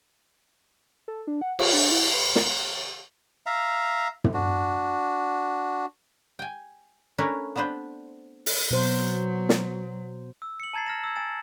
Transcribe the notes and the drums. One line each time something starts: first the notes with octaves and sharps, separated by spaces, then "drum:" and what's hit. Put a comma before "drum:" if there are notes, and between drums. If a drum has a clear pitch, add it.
A4
D4
F#5
F4, drum: cymbal
D4
E4
B4
A#4, drum: snare
E5 F5 A#5
drum: tom
D4 F#4
G5 G#5
A3 C#4 D4 E4 A#4 B4
B3 C4 D4 B4 C5
drum: open hi-hat
B2 F#3 C5
drum: snare
E6
C#7 F#7
A5 A#5 G#6 A6 C7
F6 A#6 E7
E6 G#6
G#5 A6 E7